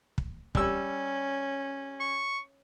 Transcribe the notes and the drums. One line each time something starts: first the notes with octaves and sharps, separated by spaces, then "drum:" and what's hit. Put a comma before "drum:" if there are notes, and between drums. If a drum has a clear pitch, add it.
drum: kick
G3 C#4 E6, drum: kick
C#6